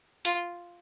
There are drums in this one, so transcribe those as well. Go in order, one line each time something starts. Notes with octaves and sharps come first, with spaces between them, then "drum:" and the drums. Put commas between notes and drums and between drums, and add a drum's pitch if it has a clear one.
F4, drum: hi-hat